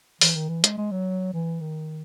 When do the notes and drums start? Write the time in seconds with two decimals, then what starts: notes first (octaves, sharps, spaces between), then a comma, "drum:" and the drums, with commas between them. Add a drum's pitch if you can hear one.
0.21 E3, drum: open hi-hat
0.35 D#3
0.49 E3
0.64 G#3, drum: hi-hat
0.78 G#3
0.92 F#3
1.33 E3
1.61 D#3